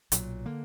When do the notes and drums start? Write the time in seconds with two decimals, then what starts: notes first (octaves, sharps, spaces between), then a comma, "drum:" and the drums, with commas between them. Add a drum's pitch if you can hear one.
0.12 B1 A#2 F#3, drum: hi-hat
0.46 D3 A#3